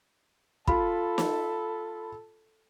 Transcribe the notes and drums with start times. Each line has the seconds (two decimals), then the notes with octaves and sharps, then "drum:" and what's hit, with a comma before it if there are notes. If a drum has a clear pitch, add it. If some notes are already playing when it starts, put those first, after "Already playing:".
0.67 F4 A4 B5, drum: kick
1.18 drum: snare